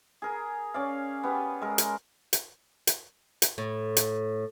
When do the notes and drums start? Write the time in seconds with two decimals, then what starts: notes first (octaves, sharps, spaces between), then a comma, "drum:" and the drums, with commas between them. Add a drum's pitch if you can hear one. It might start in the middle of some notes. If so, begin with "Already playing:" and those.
0.22 G#4 A#4
0.74 C#4 D5 F5
1.23 B3 G4
1.61 G#3 A4 A#4
1.78 drum: hi-hat
2.33 drum: hi-hat
2.87 drum: hi-hat
3.42 drum: hi-hat
3.58 A2
3.97 drum: hi-hat